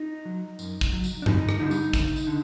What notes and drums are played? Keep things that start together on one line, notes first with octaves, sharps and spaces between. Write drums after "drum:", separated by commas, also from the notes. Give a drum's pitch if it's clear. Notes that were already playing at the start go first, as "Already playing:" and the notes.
Already playing: D#4
F#3
F#2, drum: tambourine
drum: kick, tambourine
F#3
drum: tambourine
D4
D2 D#4, drum: tom G2
drum: rim click
D3 G3 D#4
drum: tambourine
D2, drum: kick, tambourine
drum: tambourine
D3